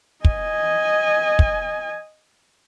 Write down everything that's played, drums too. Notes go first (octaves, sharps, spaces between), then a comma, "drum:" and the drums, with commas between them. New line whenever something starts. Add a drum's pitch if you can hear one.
D#5 G#5, drum: kick
drum: kick